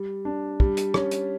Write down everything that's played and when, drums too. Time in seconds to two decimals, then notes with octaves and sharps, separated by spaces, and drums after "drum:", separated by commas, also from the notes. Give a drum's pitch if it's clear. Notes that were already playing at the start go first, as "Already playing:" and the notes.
Already playing: G3
0.25 D4
0.60 G3, drum: kick
0.77 drum: hi-hat
0.94 C#4, drum: rim click
1.11 drum: hi-hat